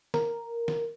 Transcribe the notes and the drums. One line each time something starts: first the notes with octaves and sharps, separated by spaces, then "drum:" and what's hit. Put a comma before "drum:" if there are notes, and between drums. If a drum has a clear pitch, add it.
A#4, drum: snare
drum: snare